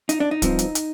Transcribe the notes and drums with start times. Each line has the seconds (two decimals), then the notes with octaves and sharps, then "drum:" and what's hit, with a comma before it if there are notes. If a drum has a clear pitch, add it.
0.09 D#4, drum: hi-hat
0.20 D4
0.31 D#4
0.42 G2 F3 C4, drum: kick, hi-hat
0.59 drum: hi-hat
0.75 drum: hi-hat